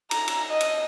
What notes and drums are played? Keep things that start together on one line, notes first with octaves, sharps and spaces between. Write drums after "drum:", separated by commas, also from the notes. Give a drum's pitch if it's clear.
A#5, drum: cymbal
drum: cymbal
D#5
drum: cymbal